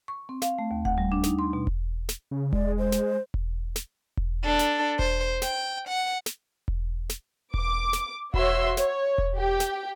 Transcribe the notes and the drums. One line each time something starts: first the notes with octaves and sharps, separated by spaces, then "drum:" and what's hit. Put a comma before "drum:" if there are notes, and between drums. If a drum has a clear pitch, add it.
C#6
C4
F5, drum: snare
A3
D#2
F#5, drum: kick E1
G3
D4
D#4, drum: snare
C6
B2
drum: kick E1
drum: snare
C#3
G#3 D5, drum: kick E1
C5
drum: snare
drum: kick E1
drum: snare
drum: kick E1
D4 A4
drum: snare
C5, drum: kick E1
G5, drum: snare
F#5
drum: snare
drum: kick E1
drum: snare
D6, drum: kick E1
drum: snare
F#4 C#5 E5 C6 E6, drum: kick E1
C#5, drum: snare
drum: kick E1
G4 G5
drum: snare